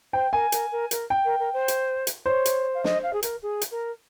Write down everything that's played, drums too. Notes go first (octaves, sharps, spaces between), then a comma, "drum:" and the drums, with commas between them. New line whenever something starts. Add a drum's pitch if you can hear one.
C5 G5
A#4 G#5
A#4, drum: hi-hat
A#4
A#4, drum: hi-hat
G5
A#4
A#4
C5
drum: hi-hat
drum: hi-hat
C5 C#5
drum: hi-hat
F5
D#5, drum: snare
F5
G#4
A#4, drum: hi-hat
G#4
drum: hi-hat
A#4